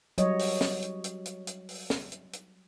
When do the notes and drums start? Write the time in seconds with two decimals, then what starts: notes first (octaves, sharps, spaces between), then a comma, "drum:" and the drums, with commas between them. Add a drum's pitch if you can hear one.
0.18 F#3 G3 C#5 D#5, drum: hi-hat
0.39 drum: open hi-hat
0.61 drum: snare
0.82 drum: hi-hat
1.04 drum: hi-hat
1.25 drum: hi-hat
1.47 drum: hi-hat
1.69 drum: open hi-hat
1.90 drum: snare
2.12 drum: hi-hat
2.33 drum: hi-hat